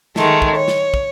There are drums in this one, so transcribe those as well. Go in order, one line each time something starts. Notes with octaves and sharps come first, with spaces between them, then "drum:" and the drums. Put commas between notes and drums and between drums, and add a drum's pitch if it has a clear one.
D#3 G#3 A3, drum: snare
drum: kick
C#5
drum: snare
drum: kick